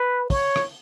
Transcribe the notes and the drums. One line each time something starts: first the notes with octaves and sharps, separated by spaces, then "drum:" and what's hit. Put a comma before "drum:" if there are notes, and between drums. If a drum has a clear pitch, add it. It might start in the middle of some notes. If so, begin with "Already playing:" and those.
Already playing: B4
C#5, drum: kick, open hi-hat
drum: rim click